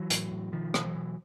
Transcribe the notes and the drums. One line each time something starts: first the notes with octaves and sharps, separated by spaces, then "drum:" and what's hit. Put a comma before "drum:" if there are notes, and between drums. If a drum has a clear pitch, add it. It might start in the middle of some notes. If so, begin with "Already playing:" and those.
Already playing: E3 F#3
A2, drum: hi-hat
A2
B2 D#3 F3
B2, drum: rim click
E3 F#3
B2